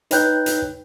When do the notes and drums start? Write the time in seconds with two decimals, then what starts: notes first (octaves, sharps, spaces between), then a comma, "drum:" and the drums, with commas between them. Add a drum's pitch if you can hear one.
0.11 D#4 B4 C#5 G5 F#6 G6, drum: hi-hat
0.46 drum: hi-hat